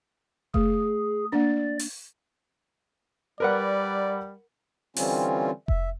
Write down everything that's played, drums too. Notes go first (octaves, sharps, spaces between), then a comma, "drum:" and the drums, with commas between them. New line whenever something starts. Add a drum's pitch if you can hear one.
A3 G#4, drum: kick F1
A#3 D4 D5
drum: open hi-hat
G3 A#4 B4 D5 F#5
D3 E3 G3 C4 C#4 F4, drum: open hi-hat
E5, drum: kick F1